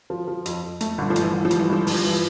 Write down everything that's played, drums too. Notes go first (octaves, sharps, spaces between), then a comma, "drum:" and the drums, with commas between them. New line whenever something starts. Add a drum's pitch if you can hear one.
F3
F3
F2, drum: hi-hat
F2
A3, drum: hi-hat
G1 D3
F3
G1, drum: hi-hat
E3
G1
F3
G2, drum: hi-hat
E3
G1 F3
G2, drum: open hi-hat
E3